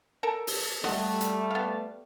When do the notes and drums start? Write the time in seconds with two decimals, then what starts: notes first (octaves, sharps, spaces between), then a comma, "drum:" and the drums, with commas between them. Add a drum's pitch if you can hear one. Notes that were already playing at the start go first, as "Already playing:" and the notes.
0.23 A4 A#4
0.47 drum: open hi-hat
0.84 G3 A3 D#5 F#5, drum: rim click
1.21 drum: hi-hat
1.51 B3 F5